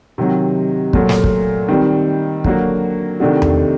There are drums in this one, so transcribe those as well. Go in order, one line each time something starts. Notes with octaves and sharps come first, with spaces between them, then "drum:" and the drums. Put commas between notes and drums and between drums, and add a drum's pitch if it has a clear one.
C3 D#3 F#3
A#2 F#3 A3, drum: kick
drum: snare
drum: kick
D#3 G3 C4
D3 F#3 A#3 F#4, drum: kick
C3 D#3 A3 D4 F#4
drum: tom E2